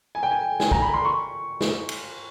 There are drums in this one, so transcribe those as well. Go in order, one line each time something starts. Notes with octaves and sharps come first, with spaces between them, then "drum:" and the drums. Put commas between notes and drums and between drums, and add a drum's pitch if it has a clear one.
G#5
G5
G#5
G#5, drum: snare
A#5, drum: kick
B5
C6
C#6
drum: snare
drum: cymbal